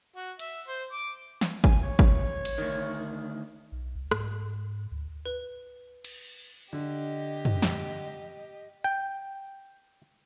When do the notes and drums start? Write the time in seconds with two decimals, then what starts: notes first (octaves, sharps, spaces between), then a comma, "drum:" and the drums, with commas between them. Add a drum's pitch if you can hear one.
0.16 F#4
0.39 E5, drum: cymbal
0.67 C5
0.92 D6
1.41 drum: snare
1.64 G#5, drum: kick G#1
1.83 C#5
1.99 drum: kick G#1
2.45 drum: cymbal
2.58 D2 D#3
3.72 B1
3.96 C2
4.11 G#2, drum: rim click
4.91 D2
5.26 B4
6.04 drum: cymbal
6.73 D3 G4 D#5
7.45 drum: tom
7.62 drum: snare
8.84 G5